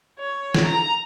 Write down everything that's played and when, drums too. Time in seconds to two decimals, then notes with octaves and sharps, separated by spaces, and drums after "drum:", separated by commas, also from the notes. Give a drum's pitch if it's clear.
0.18 C#5
0.55 drum: snare
0.65 A#5